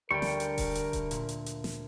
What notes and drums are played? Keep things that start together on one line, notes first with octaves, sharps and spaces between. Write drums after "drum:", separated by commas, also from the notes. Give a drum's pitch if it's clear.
D2 G3 A#4 G5 C#6
drum: snare
drum: hi-hat
drum: kick D#1, open hi-hat
drum: hi-hat
drum: kick D#1, hi-hat
A#2, drum: hi-hat
drum: hi-hat
drum: hi-hat
drum: snare